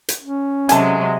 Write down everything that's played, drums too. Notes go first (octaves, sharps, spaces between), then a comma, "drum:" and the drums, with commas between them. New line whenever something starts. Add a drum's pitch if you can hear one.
drum: hi-hat
C#4
C3 F#3 G#3 A4 G#5, drum: hi-hat